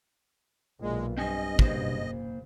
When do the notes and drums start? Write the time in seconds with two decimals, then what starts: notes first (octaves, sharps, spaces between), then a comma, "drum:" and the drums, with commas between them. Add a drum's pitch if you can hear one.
0.81 B1 A#2 G#3
1.17 G2 C4 D#5 G#5
1.59 F#1 A#3 C5, drum: kick